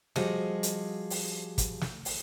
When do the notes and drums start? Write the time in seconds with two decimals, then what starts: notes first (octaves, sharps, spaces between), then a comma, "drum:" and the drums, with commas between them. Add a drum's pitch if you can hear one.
0.16 F3 G3 F#4 G#4 D#5, drum: snare
0.63 drum: hi-hat
1.10 drum: open hi-hat
1.58 drum: kick, hi-hat
1.81 drum: snare
2.05 drum: open hi-hat